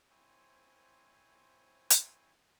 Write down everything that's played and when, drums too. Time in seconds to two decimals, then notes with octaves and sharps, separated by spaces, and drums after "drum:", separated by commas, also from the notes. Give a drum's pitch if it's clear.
0.10 C4 E4 C5 C#5 G#5
1.90 drum: hi-hat